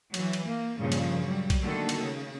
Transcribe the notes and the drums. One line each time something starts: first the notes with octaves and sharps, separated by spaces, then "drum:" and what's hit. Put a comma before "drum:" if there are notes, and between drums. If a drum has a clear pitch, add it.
E3 F#3, drum: cymbal
drum: cymbal
A#3
G2 A#2 C#3 F3
drum: cymbal
F#3 G3
drum: kick B1, cymbal
D3 D#3 A3 A#3 F#4 A4
drum: cymbal
C#3